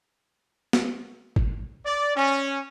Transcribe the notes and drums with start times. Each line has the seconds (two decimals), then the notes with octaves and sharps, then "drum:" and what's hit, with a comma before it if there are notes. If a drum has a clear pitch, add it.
0.73 drum: snare
1.36 drum: kick G1
1.86 D5
2.16 C#4